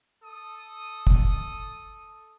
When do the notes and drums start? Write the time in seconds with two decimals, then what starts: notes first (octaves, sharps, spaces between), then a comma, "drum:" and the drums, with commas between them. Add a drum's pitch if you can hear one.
0.23 A4 D#6
1.07 drum: kick